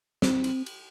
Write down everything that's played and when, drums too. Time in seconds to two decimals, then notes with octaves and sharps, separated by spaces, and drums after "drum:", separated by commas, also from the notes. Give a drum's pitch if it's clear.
0.22 C4, drum: snare
0.44 drum: cymbal
0.66 drum: cymbal